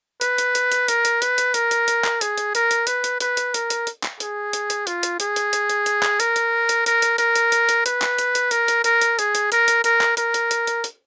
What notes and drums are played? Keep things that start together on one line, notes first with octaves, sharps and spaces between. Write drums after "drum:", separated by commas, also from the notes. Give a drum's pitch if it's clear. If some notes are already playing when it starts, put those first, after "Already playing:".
B4, drum: hi-hat
drum: hi-hat
drum: hi-hat
drum: hi-hat
A#4, drum: hi-hat
drum: hi-hat
B4, drum: hi-hat
drum: hi-hat
A#4, drum: hi-hat
drum: hi-hat
drum: hi-hat
drum: clap
G#4, drum: hi-hat
drum: hi-hat
A#4, drum: hi-hat
drum: hi-hat
B4, drum: hi-hat
drum: hi-hat
B4, drum: hi-hat
drum: hi-hat
A#4, drum: hi-hat
drum: hi-hat
drum: hi-hat
drum: clap
G#4, drum: hi-hat
drum: hi-hat
drum: hi-hat
F4, drum: hi-hat
drum: hi-hat
G#4, drum: hi-hat
drum: hi-hat
drum: hi-hat
drum: hi-hat
drum: hi-hat
drum: clap
A#4, drum: hi-hat
drum: hi-hat
drum: hi-hat
A#4, drum: hi-hat
drum: hi-hat
A#4, drum: hi-hat
drum: hi-hat
drum: hi-hat
drum: hi-hat
B4, drum: hi-hat
drum: clap
drum: hi-hat
drum: hi-hat
A#4, drum: hi-hat
drum: hi-hat
A#4, drum: hi-hat
drum: hi-hat
G#4, drum: hi-hat
drum: hi-hat
A#4, drum: hi-hat
drum: hi-hat
A#4, drum: hi-hat
drum: clap
A#4, drum: hi-hat
drum: hi-hat
drum: hi-hat
drum: hi-hat
drum: hi-hat